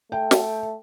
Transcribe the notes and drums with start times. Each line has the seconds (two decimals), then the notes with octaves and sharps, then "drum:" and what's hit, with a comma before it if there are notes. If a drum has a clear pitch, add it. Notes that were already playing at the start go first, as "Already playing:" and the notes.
0.12 A3 G5
0.31 drum: snare